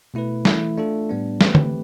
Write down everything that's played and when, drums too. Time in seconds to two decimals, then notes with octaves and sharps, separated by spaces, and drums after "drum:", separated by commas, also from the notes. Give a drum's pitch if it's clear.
0.14 B2 A3 E4 B4
0.45 E3 A3 E4, drum: snare
0.77 A3 D4 F4 A4
1.09 A2 G3 B3 D4
1.41 E3 A3 C4 G4 B4, drum: snare
1.55 drum: tom D3